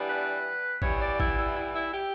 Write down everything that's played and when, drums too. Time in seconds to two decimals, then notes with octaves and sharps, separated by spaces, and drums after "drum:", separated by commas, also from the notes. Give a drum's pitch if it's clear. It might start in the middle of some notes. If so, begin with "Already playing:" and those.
Already playing: E3 G3 B3 D4
0.09 B4
0.82 E3 G3 B3 C#5, drum: kick A1
1.01 D5
1.20 E4, drum: kick A1
1.38 E4
1.55 E4
1.75 E4
1.92 G4